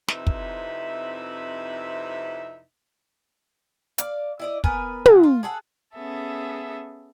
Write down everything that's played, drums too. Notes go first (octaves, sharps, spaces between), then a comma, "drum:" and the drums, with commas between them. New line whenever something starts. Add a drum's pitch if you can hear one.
F2 C3 D#4 E4 B4 E5, drum: snare
drum: kick
D5 F5, drum: hi-hat
E4 D5 D#5
B3 A#4 B4 G#5, drum: kick
C#3 F#3, drum: tom
F4
G#4 A4 F#5
B3 C#4 G#4 A4 E5